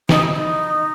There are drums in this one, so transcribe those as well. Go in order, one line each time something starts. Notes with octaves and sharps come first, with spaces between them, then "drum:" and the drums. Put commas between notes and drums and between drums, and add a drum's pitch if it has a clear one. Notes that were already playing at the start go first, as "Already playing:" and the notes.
D#4, drum: snare
E4
D#4